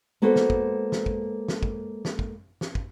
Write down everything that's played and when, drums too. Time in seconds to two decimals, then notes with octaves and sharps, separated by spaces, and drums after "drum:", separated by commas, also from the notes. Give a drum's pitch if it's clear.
0.22 G#3 A#3 B3 F#4 A4 C5
0.36 drum: snare
0.50 drum: kick
0.92 drum: snare
1.06 drum: kick
1.48 drum: snare
1.63 drum: kick
2.05 drum: snare
2.19 drum: kick
2.61 drum: snare
2.75 drum: kick